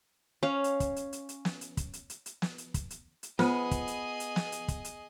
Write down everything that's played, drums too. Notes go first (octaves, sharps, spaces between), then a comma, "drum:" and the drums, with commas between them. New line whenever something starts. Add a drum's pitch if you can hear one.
C#4 F5
drum: hi-hat
drum: kick, hi-hat
drum: hi-hat
drum: hi-hat
drum: hi-hat
drum: snare
drum: hi-hat
drum: kick, hi-hat
drum: hi-hat
drum: hi-hat
drum: hi-hat
drum: snare
drum: hi-hat
drum: kick, hi-hat
drum: hi-hat
drum: hi-hat
B3 F4 G#4 B4 C5 D#5, drum: snare
drum: kick, hi-hat
drum: hi-hat
drum: hi-hat
drum: snare
drum: hi-hat
drum: kick, hi-hat
drum: hi-hat